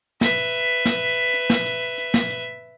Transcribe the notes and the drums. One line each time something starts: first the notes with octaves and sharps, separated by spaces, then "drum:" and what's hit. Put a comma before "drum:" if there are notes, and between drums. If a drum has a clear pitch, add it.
B4 E5, drum: snare
drum: hi-hat
drum: snare
drum: hi-hat
drum: snare
drum: hi-hat
drum: hi-hat
drum: snare
drum: hi-hat